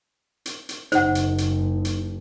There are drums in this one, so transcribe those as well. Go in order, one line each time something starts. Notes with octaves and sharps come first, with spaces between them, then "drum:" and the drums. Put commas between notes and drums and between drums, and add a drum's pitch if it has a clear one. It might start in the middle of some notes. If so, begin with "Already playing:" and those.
drum: hi-hat
drum: hi-hat
F#1 D#4 C5 F#5, drum: hi-hat
drum: hi-hat
drum: hi-hat
drum: hi-hat